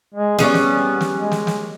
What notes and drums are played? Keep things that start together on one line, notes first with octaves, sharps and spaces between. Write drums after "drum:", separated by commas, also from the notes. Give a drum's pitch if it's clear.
G#3
G3 B3 C#4 G#4, drum: snare
drum: snare
drum: snare
G#3
drum: snare
drum: snare